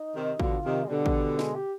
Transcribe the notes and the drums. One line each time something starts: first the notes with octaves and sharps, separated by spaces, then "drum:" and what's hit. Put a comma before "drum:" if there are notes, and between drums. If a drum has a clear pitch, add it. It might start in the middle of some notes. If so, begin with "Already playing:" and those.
Already playing: D#4
C3 D#3
B2 D3 F4, drum: kick
C3 D#3
G#3
B2 D3 G3
drum: kick
G#3, drum: snare
G4